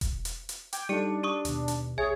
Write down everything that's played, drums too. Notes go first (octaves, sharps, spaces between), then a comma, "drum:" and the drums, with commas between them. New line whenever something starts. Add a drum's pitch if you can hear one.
drum: kick E1, hi-hat
drum: hi-hat
drum: hi-hat
G5 D6 G#6, drum: hi-hat
G3 D4 D#4 G4 A4 C#7
G4 C#6 D#6
D#2 B2, drum: hi-hat
drum: hi-hat
B1 G#4 C#5 E5 G#5 G#6